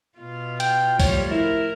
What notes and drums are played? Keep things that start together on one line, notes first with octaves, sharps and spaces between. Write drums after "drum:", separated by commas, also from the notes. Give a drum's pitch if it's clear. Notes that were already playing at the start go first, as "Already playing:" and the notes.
B2 F4
G5, drum: hi-hat
A2 F3 G3 C#5, drum: kick, open hi-hat
E4 A#4